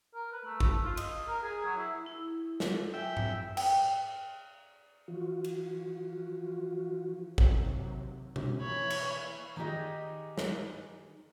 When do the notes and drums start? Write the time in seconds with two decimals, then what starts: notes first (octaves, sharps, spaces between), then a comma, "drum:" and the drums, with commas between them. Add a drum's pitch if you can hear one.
0.15 A#4
0.32 B4
0.45 A3
0.60 A3, drum: kick
0.84 F4
0.97 D#5, drum: cymbal
1.27 A#4
1.43 G#4
1.65 F#3
1.77 E4
2.06 E4
2.60 F4 A4, drum: snare
2.94 F#3 E5 G5 G#5 E6
3.17 drum: tom G#2
3.57 G5, drum: cymbal
5.08 E3 F3 F4 F#4
5.44 drum: cymbal
7.38 D#2 C3 F#3, drum: kick
8.36 drum: tom B2
8.62 E3 A#3 C#5 B5
8.90 drum: cymbal
9.56 D#3 D#4 E4 G4 G#4 D#5
10.38 drum: snare